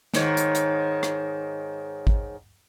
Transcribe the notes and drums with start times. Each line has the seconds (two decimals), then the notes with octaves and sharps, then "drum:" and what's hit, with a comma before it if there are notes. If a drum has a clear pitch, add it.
0.14 G#2 D#3 C#5, drum: snare
0.37 drum: hi-hat
0.55 drum: hi-hat
1.03 drum: rim click
2.07 drum: kick